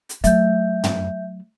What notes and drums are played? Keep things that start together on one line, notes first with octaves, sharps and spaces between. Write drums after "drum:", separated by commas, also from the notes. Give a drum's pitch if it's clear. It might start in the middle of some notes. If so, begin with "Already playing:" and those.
drum: hi-hat
F#3 A3 E5 G6, drum: hi-hat
drum: tom